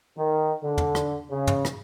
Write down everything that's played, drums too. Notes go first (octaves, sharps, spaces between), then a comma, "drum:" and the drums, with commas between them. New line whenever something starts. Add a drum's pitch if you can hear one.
D#3
D3
drum: tom
drum: rim click
C#3
drum: tom
drum: rim click